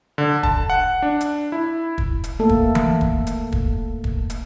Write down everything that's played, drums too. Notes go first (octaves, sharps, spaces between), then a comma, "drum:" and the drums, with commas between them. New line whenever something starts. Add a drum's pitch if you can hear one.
D3
A5, drum: kick
F#5
D4
drum: hi-hat
E4
drum: kick
drum: hi-hat
A3 A#3 A4
drum: kick
drum: tom E3
drum: kick
drum: hi-hat
drum: kick
drum: kick
drum: hi-hat